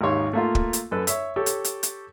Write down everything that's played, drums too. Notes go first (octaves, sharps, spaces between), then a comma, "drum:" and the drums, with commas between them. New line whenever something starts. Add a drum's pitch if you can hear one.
G#1 D#2 D#3 G4 C#5 C6
A3 A#3 F4
drum: kick
drum: hi-hat
F#2 A4 B4
C#5 E5, drum: hi-hat
G4 A4 C#5
drum: hi-hat
drum: hi-hat
drum: hi-hat